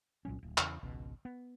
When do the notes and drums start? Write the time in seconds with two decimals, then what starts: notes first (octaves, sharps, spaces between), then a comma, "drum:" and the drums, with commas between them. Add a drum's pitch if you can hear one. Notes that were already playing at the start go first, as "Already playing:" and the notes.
0.25 C2 A#2 F#3 C#4
0.43 D1
0.58 E2 C#3, drum: clap
0.83 G#1 C#2 B2
1.25 B3